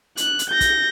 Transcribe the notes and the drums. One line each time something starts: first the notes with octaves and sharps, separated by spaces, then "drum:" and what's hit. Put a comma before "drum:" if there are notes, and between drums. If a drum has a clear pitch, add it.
F#6, drum: hi-hat
drum: hi-hat
G6 A#6
drum: kick, hi-hat